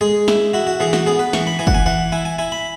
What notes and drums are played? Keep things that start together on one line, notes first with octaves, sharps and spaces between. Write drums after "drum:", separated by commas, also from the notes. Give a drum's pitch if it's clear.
G#3 G#4
E4, drum: snare
E4 F#4
F#4
E3 G#4
F#4, drum: snare
B3 G#4
B4
E3 C#6, drum: snare
B5
E3 G#5
F#5, drum: kick
G#5
E3 F#5
E4 G#5
G#5
E4 G#5
B5